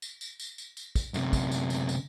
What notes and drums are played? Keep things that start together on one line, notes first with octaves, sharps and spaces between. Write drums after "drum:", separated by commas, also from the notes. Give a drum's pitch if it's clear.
drum: tambourine
drum: tambourine
drum: tambourine
drum: tambourine
drum: tambourine
drum: kick, tambourine
F#2 C3, drum: tambourine
drum: kick, tambourine
drum: tambourine
drum: tambourine
drum: tambourine